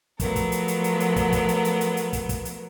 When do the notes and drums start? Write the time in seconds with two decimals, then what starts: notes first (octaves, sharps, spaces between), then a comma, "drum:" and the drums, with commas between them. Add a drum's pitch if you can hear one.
0.20 F3 F#3 A3 B3 A#4, drum: kick, hi-hat
0.36 drum: kick, hi-hat
0.52 drum: hi-hat
0.68 drum: hi-hat
0.84 drum: hi-hat
1.00 drum: hi-hat
1.16 drum: kick, hi-hat
1.32 drum: kick, hi-hat
1.49 drum: hi-hat
1.65 drum: hi-hat
1.81 drum: hi-hat
1.97 drum: hi-hat
2.13 drum: kick, hi-hat
2.29 drum: kick, hi-hat
2.45 drum: hi-hat